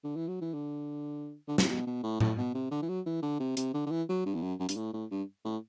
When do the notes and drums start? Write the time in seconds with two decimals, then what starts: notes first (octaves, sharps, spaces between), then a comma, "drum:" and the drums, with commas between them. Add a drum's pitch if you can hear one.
0.04 D3
0.16 E3
0.28 F#3
0.41 E3
0.54 D3
1.48 D3
1.58 C3, drum: snare
1.69 B2
1.87 B2
2.03 A2
2.20 A2, drum: tom A2
2.38 B2
2.54 C3
2.71 D3
2.82 E3
2.89 F#3
3.06 E3
3.23 D3
3.40 C3
3.57 C3, drum: hi-hat
3.74 D3
3.86 D3
3.91 E3
4.09 F#3
4.26 G2
4.35 E2
4.42 F#2
4.59 F#2
4.69 G2, drum: hi-hat
4.77 A2
4.93 A2
5.11 G2
5.45 A2